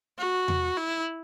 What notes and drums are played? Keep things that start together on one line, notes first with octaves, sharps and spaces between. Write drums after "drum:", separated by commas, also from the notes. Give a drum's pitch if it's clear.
F#4
drum: tom E2
E4